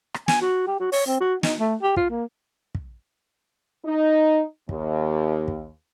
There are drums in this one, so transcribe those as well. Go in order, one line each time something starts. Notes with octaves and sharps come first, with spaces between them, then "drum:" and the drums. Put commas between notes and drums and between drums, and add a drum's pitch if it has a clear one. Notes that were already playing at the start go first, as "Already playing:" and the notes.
drum: rim click
G#5, drum: snare
F#4
G4
F#4
C#5, drum: open hi-hat
C4
F#4
D#4, drum: snare
A3
G4
F4, drum: kick
A#3
drum: kick
D#4
D#2, drum: kick
drum: kick